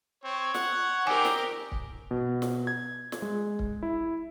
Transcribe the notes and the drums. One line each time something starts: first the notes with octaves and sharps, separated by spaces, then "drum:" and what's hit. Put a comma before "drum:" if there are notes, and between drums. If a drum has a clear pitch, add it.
C4 C#5
F#5, drum: snare
D#3 C4 G4 A#4 D5 G#5
drum: snare
drum: kick C#1
B2
drum: snare
G#6
drum: snare
G#3
drum: kick C#1
E4